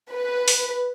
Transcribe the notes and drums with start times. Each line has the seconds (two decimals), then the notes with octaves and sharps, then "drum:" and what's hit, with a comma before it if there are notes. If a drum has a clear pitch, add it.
0.12 B4
0.48 drum: open hi-hat